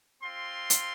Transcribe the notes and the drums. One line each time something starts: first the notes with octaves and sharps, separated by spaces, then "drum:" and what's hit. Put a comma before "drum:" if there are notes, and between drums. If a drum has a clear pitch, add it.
C4 F4 C6
drum: hi-hat